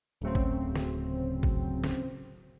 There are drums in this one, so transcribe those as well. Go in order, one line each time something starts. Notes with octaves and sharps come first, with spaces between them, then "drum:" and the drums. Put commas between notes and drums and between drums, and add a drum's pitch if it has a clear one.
D1 C#3 F#3 A3 C4
drum: kick
drum: snare
drum: kick
drum: snare